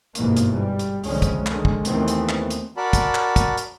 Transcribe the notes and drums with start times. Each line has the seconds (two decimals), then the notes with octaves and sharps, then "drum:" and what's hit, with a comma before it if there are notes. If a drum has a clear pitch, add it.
0.15 G1 E2 G#2 B2 E3 A#3, drum: hi-hat
0.37 drum: hi-hat
0.55 G3
0.79 drum: hi-hat
1.04 C2 F2 A2 D3 G#3 C#4, drum: open hi-hat
1.22 drum: kick, hi-hat
1.46 D3 D#3 G#3, drum: clap
1.65 drum: kick
1.85 D#2 D#3 E3 A3 B3 C4, drum: hi-hat
2.08 drum: hi-hat
2.29 drum: clap
2.50 drum: hi-hat
2.77 F#4 A#4 D5 A5 B5
2.93 drum: kick, hi-hat
3.15 drum: clap
3.36 drum: kick, hi-hat
3.57 drum: hi-hat